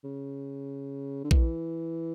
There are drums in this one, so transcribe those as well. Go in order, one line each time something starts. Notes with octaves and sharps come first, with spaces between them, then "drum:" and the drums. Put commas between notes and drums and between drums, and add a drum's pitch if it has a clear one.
C#3
D3
E3, drum: kick A#1